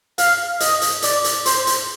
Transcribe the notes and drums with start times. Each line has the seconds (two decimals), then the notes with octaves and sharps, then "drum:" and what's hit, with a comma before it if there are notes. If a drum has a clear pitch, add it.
0.18 F5, drum: hi-hat
0.60 D#5, drum: hi-hat
0.82 drum: hi-hat
1.02 D5, drum: hi-hat
1.24 drum: hi-hat
1.46 C5, drum: hi-hat
1.67 drum: hi-hat